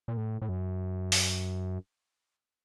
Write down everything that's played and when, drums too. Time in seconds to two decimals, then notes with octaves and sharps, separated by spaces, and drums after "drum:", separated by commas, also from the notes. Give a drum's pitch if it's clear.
0.08 A#2
0.17 A2
0.42 A2
0.49 F#2
1.12 drum: open hi-hat